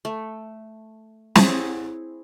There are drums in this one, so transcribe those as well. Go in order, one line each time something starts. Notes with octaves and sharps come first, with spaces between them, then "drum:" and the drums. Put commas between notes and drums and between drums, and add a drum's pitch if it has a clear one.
A3
C4 E4 G#4 C#5, drum: snare